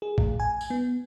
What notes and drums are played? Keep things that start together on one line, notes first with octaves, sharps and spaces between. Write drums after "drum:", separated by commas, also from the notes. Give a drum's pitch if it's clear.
G#4
A2, drum: kick A1
G#5
drum: tambourine
B3